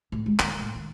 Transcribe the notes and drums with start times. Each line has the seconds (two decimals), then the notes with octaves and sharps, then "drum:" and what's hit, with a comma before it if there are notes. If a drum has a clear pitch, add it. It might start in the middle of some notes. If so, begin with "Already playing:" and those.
0.12 A2
0.26 G#3
0.39 D3, drum: clap
0.60 A2
0.75 D#3